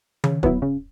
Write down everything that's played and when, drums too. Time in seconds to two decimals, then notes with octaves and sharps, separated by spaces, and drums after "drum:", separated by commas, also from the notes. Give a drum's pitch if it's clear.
0.24 C#3, drum: tom D#3
0.43 F#3 B3 E4, drum: kick
0.62 C#3